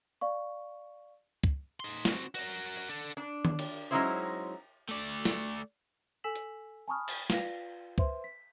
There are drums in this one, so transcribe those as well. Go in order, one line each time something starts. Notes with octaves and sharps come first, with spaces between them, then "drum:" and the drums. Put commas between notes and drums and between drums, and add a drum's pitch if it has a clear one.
D5 F5 C#6
drum: kick C#2
D#4 C6
C4 F#4, drum: snare
F#4 A#4, drum: open hi-hat
drum: hi-hat
D4 A4
D4
drum: tom D#3
drum: cymbal
F#3 G#3 C#4 D#4 E4 C5
A3 D5
drum: snare
A4 G#5 E6 B6 E7 F#7
drum: hi-hat
G#5 A5 B5 C#6 D#6 F6
drum: cymbal
F4 B4 D5 F5 G5 A#6, drum: snare
B4 C5 E5 C6, drum: kick C#2
B6